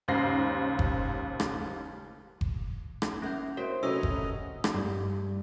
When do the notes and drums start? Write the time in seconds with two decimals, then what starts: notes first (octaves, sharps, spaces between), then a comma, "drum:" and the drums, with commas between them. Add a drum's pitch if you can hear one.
0.08 G#1 D#2 C#3 C5 A#6 C7
0.79 drum: kick F#1
1.40 drum: rim click
2.41 drum: kick F#1
3.02 drum: rim click
3.22 A#3 C#4 E4 G6
3.57 C4 D#4 F#4 A#4 C#5
3.83 C3 F#3 A3 C#4 B4 D#5 E6
4.03 drum: kick F#1
4.64 drum: rim click
4.74 G2